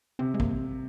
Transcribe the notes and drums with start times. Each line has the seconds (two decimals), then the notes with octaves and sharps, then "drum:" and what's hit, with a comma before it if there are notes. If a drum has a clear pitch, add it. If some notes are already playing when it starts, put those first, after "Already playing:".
0.19 C3 C4
0.34 G#3
0.40 A#3, drum: kick